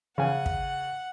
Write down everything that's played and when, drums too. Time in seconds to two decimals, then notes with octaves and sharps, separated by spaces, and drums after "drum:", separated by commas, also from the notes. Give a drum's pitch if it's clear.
0.18 C#3 F#5 G#5
0.46 drum: kick